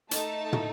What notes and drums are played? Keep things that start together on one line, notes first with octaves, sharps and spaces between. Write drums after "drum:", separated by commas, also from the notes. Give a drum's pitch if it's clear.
A3 D#4 A4 A5, drum: hi-hat
drum: tom